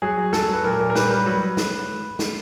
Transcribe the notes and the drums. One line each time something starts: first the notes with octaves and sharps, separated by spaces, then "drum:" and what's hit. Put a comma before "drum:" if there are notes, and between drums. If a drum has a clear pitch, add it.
F#3 G#4
F#3
F#3 A4, drum: snare
F#3
B4
A#2 A#4
A#2
A#4
G3 B4, drum: snare
G3
F#3
drum: snare
drum: snare